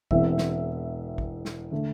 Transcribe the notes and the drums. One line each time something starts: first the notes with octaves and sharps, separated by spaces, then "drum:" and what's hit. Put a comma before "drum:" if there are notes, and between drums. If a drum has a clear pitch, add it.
E1 E2 E3 C4 E5, drum: kick
drum: snare
drum: kick
drum: snare
D3 A3